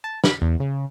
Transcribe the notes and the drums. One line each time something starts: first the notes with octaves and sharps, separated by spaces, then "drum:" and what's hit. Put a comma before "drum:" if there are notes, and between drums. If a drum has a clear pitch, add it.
A5
B5, drum: snare
E2
C#3